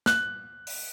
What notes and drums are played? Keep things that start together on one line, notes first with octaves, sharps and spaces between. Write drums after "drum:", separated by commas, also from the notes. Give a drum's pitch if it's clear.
F#6, drum: snare
drum: open hi-hat